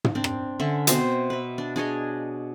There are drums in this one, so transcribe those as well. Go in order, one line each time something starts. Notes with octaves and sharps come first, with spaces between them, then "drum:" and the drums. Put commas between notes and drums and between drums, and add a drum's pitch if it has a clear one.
drum: tom
C4 D4
drum: rim click
D3 C#4 E5
B2 C4 C5 E5, drum: hi-hat
B4 E5
D4
D4 G#4 C#5 D#5